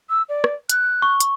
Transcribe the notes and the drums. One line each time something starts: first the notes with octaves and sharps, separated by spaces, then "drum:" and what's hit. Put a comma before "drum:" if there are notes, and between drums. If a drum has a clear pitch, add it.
E6
D5
drum: rim click
F#6, drum: hi-hat
C#6
drum: hi-hat